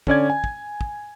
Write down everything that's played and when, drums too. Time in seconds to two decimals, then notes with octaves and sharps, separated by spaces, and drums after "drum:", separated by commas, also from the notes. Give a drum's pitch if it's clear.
0.07 D3 C#4 D5 G#6, drum: kick
0.30 G#5
0.44 drum: kick
0.81 drum: kick